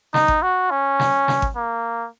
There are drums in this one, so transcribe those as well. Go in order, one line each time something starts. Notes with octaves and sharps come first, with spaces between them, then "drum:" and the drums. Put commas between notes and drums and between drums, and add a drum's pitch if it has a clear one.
D#4, drum: snare
drum: kick G#1
F#4
C#4
drum: snare
drum: snare
drum: kick G#1
A#3